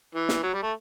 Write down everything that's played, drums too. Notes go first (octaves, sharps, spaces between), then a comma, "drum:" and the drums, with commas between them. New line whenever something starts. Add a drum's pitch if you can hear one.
E3
drum: snare
F#3
G3
A3